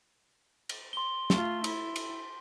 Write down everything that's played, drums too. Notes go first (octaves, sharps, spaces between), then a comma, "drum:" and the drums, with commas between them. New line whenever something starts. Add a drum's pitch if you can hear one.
drum: cymbal
C6 G7
A3 F4, drum: snare
E4, drum: cymbal
drum: cymbal